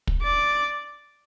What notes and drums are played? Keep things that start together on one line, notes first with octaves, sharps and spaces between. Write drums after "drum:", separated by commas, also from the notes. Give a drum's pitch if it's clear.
drum: kick
D5